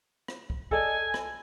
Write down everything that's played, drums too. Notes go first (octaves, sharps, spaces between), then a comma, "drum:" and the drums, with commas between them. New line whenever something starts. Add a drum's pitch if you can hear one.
drum: rim click
drum: kick
A4 D5 D#5 G#5, drum: kick
drum: rim click